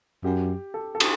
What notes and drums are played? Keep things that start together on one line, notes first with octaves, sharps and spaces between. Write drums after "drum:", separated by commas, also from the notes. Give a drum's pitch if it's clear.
F#2 G4
A4
A4
G4, drum: cymbal